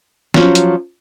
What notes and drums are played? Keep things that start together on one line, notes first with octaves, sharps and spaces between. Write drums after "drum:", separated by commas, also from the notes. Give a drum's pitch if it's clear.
F3 F#3 C#4, drum: snare
drum: hi-hat